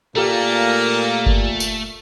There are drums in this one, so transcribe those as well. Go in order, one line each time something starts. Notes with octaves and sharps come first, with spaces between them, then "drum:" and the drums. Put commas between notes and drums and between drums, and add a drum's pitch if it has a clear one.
A#2 A3 A#3 G4 A4 A#4
drum: kick F#1
drum: tambourine